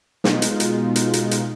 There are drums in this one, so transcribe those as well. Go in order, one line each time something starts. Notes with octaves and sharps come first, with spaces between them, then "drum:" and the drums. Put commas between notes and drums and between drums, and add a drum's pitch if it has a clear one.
B2 G#3 D#4 F4, drum: snare
drum: hi-hat
drum: hi-hat
drum: hi-hat
drum: hi-hat
drum: hi-hat